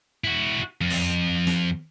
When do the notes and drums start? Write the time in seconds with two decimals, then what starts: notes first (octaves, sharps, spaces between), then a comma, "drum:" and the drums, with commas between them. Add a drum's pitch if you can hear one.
0.24 E4 F#4
0.81 F2
0.90 drum: open hi-hat
1.47 drum: snare